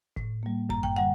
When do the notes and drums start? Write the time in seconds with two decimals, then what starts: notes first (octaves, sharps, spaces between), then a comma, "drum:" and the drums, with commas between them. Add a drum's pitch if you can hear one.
0.16 A2, drum: kick
0.43 G3 A#3
0.69 F#2 A#5, drum: kick
0.83 G5, drum: kick
0.96 D3 G3 F#5